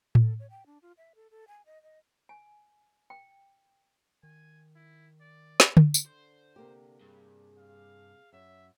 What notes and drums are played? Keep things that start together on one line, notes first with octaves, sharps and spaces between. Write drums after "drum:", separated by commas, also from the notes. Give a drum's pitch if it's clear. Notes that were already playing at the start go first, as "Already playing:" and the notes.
A4, drum: tom A2
C#5
G5
D4
F4
E5
A4
A4
G#5
D#5
D#5
G#5
G5
D#3 G#5
E4
D5
drum: snare
drum: tom D3
drum: tambourine
D3 C5
C3 A#3 G4
G2 G#4
F5
F#2 E5